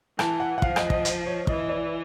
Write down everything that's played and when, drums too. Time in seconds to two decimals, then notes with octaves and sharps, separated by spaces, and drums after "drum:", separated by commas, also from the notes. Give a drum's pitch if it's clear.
0.19 E3 A5, drum: rim click
0.40 F#5
0.58 F#5
0.62 F3 F5, drum: kick
0.76 D#5, drum: rim click
0.90 D#5, drum: kick
1.05 drum: hi-hat
1.26 C#5
1.47 E3 D#5, drum: kick
1.69 D5